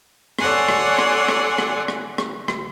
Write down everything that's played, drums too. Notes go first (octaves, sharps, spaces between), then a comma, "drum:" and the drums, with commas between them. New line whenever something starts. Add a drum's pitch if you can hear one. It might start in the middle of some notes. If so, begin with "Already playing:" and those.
A4 C#5 D5 F#5 G#5 C6, drum: rim click
drum: rim click
drum: rim click
drum: rim click
drum: rim click
drum: rim click
drum: rim click
drum: rim click